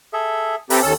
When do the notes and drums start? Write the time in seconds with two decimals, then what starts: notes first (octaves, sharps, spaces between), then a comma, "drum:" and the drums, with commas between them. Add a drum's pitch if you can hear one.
0.13 G#4 A4 E5
0.70 C4 G4 A4 B4 E5 A#5, drum: open hi-hat
0.82 D#2 C#4 A4